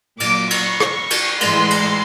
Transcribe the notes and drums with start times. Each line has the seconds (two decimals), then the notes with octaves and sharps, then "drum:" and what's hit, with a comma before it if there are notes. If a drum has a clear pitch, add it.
0.20 A#2 F#3 D6, drum: cymbal
0.50 C#6, drum: cymbal
0.80 drum: rim click
1.10 drum: cymbal
1.41 A2 E3 G#3 C6, drum: cymbal
1.71 drum: cymbal